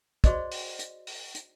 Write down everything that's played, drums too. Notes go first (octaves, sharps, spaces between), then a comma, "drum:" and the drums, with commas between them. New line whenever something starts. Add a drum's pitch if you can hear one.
F#4 G#4 C5 D5 D#5 C#6, drum: kick, hi-hat
drum: open hi-hat
drum: hi-hat
drum: open hi-hat
drum: hi-hat